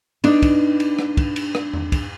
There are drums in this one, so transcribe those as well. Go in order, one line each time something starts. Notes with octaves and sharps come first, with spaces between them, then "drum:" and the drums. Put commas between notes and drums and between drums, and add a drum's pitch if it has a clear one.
D4 D#4 B4, drum: cymbal
drum: kick, cymbal
drum: cymbal
drum: rim click
drum: kick, cymbal
drum: cymbal
drum: rim click
drum: tom E2
drum: kick, cymbal